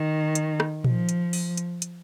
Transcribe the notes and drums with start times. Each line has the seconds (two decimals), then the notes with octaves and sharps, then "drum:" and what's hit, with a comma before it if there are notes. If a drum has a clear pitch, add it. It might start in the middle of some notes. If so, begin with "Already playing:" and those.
Already playing: D#3
0.35 drum: hi-hat
0.60 drum: rim click
0.84 F3, drum: tom A#2
1.09 drum: hi-hat
1.33 drum: open hi-hat
1.57 drum: hi-hat
1.82 drum: hi-hat